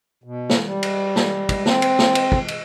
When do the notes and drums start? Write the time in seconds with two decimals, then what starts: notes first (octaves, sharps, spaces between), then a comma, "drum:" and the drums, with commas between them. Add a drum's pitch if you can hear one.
0.24 B2
0.49 drum: snare
0.65 G3
0.83 drum: cymbal
1.16 drum: snare
1.49 drum: kick, cymbal
1.65 C4, drum: snare
1.82 drum: cymbal
1.99 drum: snare
2.15 drum: cymbal
2.32 drum: kick
2.48 drum: cymbal